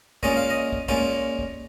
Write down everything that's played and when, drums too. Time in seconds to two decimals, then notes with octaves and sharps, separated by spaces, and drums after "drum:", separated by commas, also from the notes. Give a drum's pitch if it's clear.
0.23 A#2 G#3 C#4 F4 D#5, drum: kick
0.37 F5
0.50 D#5
0.73 drum: kick
0.88 A#2 G#3 C#4 F4, drum: kick
1.39 drum: kick